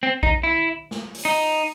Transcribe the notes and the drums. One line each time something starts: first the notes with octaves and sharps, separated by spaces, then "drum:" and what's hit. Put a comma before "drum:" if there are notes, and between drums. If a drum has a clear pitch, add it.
C4
D#4, drum: kick A#1
E4
drum: snare
drum: open hi-hat
D#4